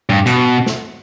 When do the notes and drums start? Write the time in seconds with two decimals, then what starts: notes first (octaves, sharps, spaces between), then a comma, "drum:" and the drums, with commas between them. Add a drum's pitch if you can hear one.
0.10 G2, drum: tom A2
0.26 B2, drum: hi-hat
0.66 drum: snare